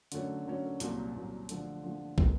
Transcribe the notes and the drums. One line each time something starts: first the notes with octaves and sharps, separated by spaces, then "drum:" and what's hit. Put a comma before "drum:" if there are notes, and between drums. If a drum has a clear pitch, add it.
D3 F#3 A3 C#4, drum: hi-hat
D3 F#3 A3 C#4
C2 A#2 F#3, drum: hi-hat
C2 A#2 F#3
D3 F3 A3, drum: hi-hat
D3 F3 A3
D#3 G#3 B3, drum: kick